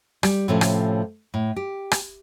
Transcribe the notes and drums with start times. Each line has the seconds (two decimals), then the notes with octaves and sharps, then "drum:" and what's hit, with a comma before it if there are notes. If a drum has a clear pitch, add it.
0.23 G3, drum: rim click
0.48 A2 C3 F3 A3 C#4
0.61 drum: rim click
1.34 A2
1.56 G4
1.91 drum: rim click